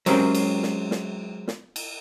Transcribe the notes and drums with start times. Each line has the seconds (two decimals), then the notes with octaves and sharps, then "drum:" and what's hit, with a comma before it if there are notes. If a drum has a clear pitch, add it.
0.06 F#3 G#3 C4 C#4 G4 A#4, drum: cymbal
0.35 drum: cymbal
0.63 drum: snare
0.91 drum: snare
1.48 drum: snare
1.76 drum: cymbal